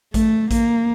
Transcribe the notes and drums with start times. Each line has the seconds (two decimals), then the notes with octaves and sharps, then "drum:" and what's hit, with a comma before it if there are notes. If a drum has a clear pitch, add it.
0.14 A3, drum: kick A1, hi-hat
0.51 A#3, drum: kick A1, hi-hat